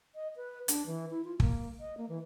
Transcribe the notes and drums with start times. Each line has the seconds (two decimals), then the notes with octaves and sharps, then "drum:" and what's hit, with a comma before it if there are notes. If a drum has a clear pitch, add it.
0.15 D#5
0.36 B4
0.68 D4, drum: hi-hat
0.86 E3
1.11 E4
1.25 F4
1.40 A#3, drum: kick
1.80 D#5
1.97 A#3
2.09 E3